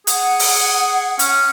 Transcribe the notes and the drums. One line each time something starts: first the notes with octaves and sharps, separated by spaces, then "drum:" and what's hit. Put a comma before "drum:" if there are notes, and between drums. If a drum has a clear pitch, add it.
G#4 F#5, drum: hi-hat
drum: open hi-hat
C#4, drum: hi-hat